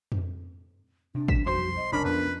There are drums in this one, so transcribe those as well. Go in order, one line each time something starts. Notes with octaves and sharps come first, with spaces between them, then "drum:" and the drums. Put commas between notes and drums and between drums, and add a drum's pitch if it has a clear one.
drum: tom F2
C3 D4
B6 E7, drum: kick G#1
B1 F2 F3 G3 F#4 C5 C6
D#5
F#1 C2 C#4 D4 A#4 B5
F2 B3 D4 B4